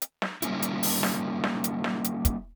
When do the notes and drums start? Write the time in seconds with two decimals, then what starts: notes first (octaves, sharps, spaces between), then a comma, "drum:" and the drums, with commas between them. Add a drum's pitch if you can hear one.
0.02 drum: hi-hat
0.22 drum: snare
0.42 G3 A#3 C#4 E4, drum: hi-hat
0.62 drum: hi-hat
0.83 drum: open hi-hat
1.03 drum: snare
1.44 drum: snare
1.64 drum: hi-hat
1.84 drum: snare
2.04 drum: hi-hat
2.25 drum: kick, hi-hat